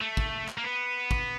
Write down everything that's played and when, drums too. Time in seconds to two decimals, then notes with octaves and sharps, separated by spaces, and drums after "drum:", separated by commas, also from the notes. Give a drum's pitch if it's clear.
0.01 A3
0.17 drum: kick
0.48 drum: clap
0.58 A#3
0.64 B3
1.11 drum: kick